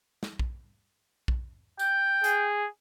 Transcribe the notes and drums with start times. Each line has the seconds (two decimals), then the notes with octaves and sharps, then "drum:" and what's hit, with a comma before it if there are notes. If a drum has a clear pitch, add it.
0.23 drum: snare
0.39 drum: kick A#1
1.28 drum: kick A#1
1.79 G5, drum: tambourine
2.24 G#4, drum: hi-hat